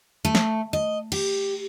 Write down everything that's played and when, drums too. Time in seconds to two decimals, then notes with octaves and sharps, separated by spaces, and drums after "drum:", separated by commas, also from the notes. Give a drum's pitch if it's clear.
0.25 A3
0.35 drum: snare
0.73 D#5
1.12 G4, drum: cymbal